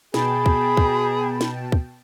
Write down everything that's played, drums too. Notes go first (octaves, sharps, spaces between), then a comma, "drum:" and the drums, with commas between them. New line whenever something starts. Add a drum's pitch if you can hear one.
B2 G#4 G5 A5 B5, drum: snare
drum: kick
drum: kick
drum: snare
drum: kick